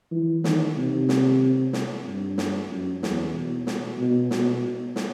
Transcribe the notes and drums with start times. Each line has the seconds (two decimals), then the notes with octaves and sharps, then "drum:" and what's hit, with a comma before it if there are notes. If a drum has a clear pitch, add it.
0.11 E3
0.44 D#3, drum: snare
0.76 C3
1.09 drum: snare
1.73 drum: snare
2.05 G2
2.38 drum: snare
2.70 F#2
3.03 E2, drum: snare
3.34 B2
3.67 drum: snare
3.99 B2
4.31 B2, drum: snare
4.96 drum: snare